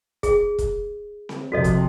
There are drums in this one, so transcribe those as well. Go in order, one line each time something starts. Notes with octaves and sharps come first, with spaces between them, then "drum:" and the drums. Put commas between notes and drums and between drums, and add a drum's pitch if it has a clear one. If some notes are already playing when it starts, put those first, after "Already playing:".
G#4, drum: kick, hi-hat
drum: kick, hi-hat
drum: snare C4
F2 C3 F#4 A4 D#5
drum: kick, hi-hat